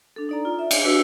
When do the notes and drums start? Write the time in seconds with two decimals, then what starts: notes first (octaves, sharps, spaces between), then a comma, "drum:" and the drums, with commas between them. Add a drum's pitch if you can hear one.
0.16 D4 A4
0.29 D#4 D5 A#5
0.45 F4
0.59 E5
0.71 D#5, drum: cymbal
0.84 D4 F#4 B4 E6